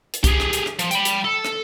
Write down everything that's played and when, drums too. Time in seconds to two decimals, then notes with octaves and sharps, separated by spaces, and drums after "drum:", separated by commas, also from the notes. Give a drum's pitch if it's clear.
0.14 drum: hi-hat
0.24 G4 G#4, drum: kick C2, hi-hat
0.40 drum: rim click
0.53 drum: hi-hat
0.66 drum: rim click
0.79 F3, drum: hi-hat
0.91 G5 B5, drum: hi-hat
1.05 drum: hi-hat
1.25 A4
1.45 drum: rim click